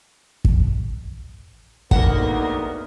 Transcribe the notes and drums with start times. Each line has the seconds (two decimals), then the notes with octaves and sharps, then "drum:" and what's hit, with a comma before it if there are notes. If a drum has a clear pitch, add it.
0.45 drum: kick
1.91 G#1 D2 A#3 B3 D#4 A#4 F#5, drum: kick